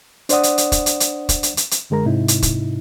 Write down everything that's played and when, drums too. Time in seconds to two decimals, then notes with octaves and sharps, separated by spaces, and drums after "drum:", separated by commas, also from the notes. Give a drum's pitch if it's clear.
0.29 D4 C5 D5 F#5 D#6, drum: hi-hat
0.43 drum: hi-hat
0.58 drum: hi-hat
0.72 drum: kick, hi-hat
0.86 drum: hi-hat
1.00 drum: hi-hat
1.29 drum: kick, hi-hat
1.43 drum: hi-hat
1.57 drum: hi-hat
1.71 drum: hi-hat
1.90 F#2 D3 G#3 A#4 A#5
2.06 G#2 C3 D#4 E4
2.28 drum: hi-hat
2.42 drum: kick, hi-hat